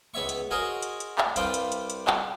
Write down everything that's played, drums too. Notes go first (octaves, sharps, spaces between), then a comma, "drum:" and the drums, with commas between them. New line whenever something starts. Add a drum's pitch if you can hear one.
C#2 B3 C#5 E5 C#6
drum: hi-hat
F#4 G#4 A#4 C5 C#5 D#5
drum: hi-hat
drum: hi-hat
drum: clap
C2 D4 B4 C5 F5 G5, drum: hi-hat
drum: hi-hat
drum: hi-hat
drum: hi-hat
drum: clap